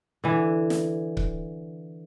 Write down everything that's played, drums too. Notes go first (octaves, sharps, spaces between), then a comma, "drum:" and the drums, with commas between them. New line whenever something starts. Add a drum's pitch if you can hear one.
D3 E3
drum: snare
drum: kick C#1